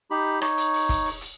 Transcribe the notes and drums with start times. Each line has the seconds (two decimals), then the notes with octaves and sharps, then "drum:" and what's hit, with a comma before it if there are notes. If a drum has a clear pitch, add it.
0.11 D#4 G4 B5
0.42 D#4 C#5, drum: rim click
0.57 drum: hi-hat
0.73 drum: open hi-hat
0.89 drum: kick, hi-hat
1.05 drum: open hi-hat
1.21 drum: hi-hat